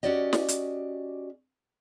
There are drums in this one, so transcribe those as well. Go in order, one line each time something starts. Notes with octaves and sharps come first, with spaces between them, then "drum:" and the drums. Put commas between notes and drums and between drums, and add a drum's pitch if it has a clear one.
C#4 F#4 G4 D5 D#5
drum: snare
drum: hi-hat